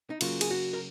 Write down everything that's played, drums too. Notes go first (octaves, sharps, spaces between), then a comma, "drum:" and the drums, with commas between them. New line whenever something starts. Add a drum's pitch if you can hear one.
D#4
C#3 F#3 A#3 F4, drum: cymbal
G#4, drum: cymbal
F#4
A#4